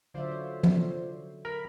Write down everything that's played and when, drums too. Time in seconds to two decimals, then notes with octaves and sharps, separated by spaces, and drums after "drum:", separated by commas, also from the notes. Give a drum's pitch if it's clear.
0.14 D3 F#3 F4 C5 D5 E5
0.32 C#5
0.63 drum: tom
1.45 A#4 B5